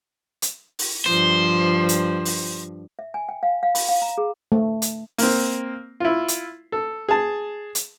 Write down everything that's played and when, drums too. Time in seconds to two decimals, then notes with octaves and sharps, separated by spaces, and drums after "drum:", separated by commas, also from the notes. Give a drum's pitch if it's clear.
0.42 drum: hi-hat
0.79 drum: open hi-hat
1.06 G2 F3 C5
1.89 drum: hi-hat
2.25 drum: open hi-hat
2.99 E5
3.14 G#5
3.29 G5
3.43 F5
3.63 F5
3.75 B5, drum: open hi-hat
3.89 F5
4.02 A#5
4.18 G#4
4.52 A3
4.82 drum: hi-hat
5.18 A#3 C4, drum: open hi-hat
6.00 E4 F4
6.28 drum: hi-hat
6.72 A4
7.09 G#4 A5
7.75 drum: hi-hat